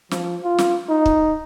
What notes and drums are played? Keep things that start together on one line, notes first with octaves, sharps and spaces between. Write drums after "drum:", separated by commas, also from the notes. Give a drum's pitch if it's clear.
F3, drum: snare
F4
drum: snare
D#4
drum: kick